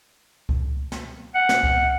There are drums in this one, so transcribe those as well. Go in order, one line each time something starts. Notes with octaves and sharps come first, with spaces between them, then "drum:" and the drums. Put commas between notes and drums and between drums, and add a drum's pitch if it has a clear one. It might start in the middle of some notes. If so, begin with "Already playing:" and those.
drum: kick C#2
drum: snare
F#5
drum: snare
drum: kick C#2